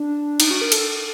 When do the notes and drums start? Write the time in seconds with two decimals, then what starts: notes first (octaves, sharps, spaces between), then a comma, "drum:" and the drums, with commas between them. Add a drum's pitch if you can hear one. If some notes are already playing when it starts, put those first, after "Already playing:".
Already playing: D4
0.40 D#4, drum: cymbal
0.51 F#4
0.61 A#4
0.72 A4, drum: cymbal